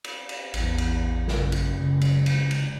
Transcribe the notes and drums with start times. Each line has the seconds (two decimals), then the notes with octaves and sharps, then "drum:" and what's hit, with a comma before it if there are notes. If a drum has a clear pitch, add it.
0.04 drum: cymbal
0.29 drum: cymbal
0.54 A1 E2, drum: cymbal
0.78 drum: cymbal
1.28 F#1 C#2, drum: snare
1.52 drum: cymbal
1.80 C#3
2.01 drum: cymbal
2.26 drum: cymbal
2.51 drum: cymbal